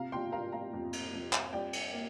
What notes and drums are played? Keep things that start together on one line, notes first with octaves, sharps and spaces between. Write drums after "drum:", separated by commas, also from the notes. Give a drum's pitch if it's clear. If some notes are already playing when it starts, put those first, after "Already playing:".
Already playing: C3 F5 A#5
G5 C6
A#3 F5 A#5
F5 A#5
F2
drum: cymbal
F2
drum: clap
G3 D5 G5
drum: cymbal
A#3